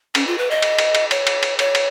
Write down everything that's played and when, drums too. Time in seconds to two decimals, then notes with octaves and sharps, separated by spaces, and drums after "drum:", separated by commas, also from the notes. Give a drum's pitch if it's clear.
0.15 C#4, drum: cymbal
0.27 F4
0.38 B4
0.51 D#5
0.62 drum: cymbal
0.79 drum: cymbal
0.95 drum: cymbal
1.11 C#5, drum: cymbal
1.27 drum: cymbal
1.43 drum: cymbal
1.59 C#5, drum: cymbal
1.75 drum: cymbal